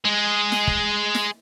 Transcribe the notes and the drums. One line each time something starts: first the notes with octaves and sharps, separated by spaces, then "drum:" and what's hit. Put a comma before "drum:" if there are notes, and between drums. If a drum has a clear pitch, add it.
G#3 G#4
drum: snare
drum: kick
drum: snare